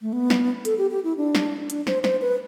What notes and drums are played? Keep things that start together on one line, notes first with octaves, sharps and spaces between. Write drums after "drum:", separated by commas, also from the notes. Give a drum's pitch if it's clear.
A3
B3
drum: snare
A4, drum: hi-hat
G4
G4
E4
D4
drum: snare
D4, drum: hi-hat
C5, drum: snare
C5, drum: snare
B4